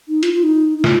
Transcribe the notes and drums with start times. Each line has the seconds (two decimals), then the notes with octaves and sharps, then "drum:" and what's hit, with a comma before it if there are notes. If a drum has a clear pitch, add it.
0.08 D#4
0.23 F4, drum: hi-hat
0.33 F4
0.43 D#4
0.78 D#4
0.84 F4, drum: snare